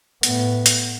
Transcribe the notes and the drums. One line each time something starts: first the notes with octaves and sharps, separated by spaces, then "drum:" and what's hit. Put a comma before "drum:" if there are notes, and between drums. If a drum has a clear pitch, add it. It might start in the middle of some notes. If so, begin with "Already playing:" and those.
A2 B3, drum: hi-hat
drum: hi-hat